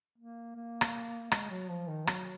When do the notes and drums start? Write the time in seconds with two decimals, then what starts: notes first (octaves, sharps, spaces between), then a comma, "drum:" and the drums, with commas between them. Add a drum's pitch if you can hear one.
0.18 A#3
0.56 A#3
0.81 drum: rim click
1.32 G#3, drum: rim click
1.51 F#3
1.69 F3
1.88 D#3
2.07 F#3, drum: rim click